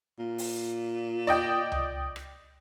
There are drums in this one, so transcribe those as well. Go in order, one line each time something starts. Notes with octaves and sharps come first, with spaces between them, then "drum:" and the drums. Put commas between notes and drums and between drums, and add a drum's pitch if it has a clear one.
A#2
drum: open hi-hat
D5 D#5 G5
drum: tom C#2
drum: rim click